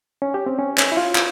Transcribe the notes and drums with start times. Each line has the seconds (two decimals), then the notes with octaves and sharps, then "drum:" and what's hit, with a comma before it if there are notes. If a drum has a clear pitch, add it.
0.22 C#4
0.34 G4
0.46 C4
0.59 C#4
0.78 C#4, drum: clap
0.92 E4
0.97 F4
1.15 drum: clap